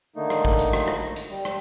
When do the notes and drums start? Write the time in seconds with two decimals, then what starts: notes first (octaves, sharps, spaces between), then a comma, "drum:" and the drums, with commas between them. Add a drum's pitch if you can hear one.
0.16 D3 D#3 A3 A#3 D#4
0.30 drum: rim click
0.45 drum: kick
0.59 drum: hi-hat
0.73 drum: rim click
0.88 drum: rim click
1.16 drum: hi-hat
1.30 G3
1.45 drum: rim click